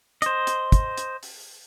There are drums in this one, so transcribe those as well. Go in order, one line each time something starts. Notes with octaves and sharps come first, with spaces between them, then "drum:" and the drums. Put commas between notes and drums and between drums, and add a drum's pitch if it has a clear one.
C5 D#5, drum: hi-hat
drum: hi-hat
drum: kick, hi-hat
drum: hi-hat
drum: open hi-hat